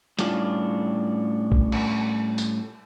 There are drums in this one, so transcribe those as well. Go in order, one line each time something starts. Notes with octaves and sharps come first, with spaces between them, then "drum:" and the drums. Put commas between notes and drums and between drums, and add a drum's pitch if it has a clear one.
A2 G3 C#4 D4 F4, drum: hi-hat
drum: kick A#1
drum: cymbal
drum: tambourine